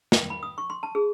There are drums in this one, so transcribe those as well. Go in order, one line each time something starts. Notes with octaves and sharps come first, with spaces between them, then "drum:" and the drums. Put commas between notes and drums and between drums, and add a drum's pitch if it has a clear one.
G5, drum: snare
B5
D#6
C#6
C6
A5
G#4